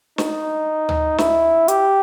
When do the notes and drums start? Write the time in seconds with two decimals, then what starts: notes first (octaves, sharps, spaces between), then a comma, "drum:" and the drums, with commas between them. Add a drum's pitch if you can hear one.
0.18 D#4, drum: snare
0.89 drum: tom D2
1.18 E4, drum: snare
1.68 G4, drum: hi-hat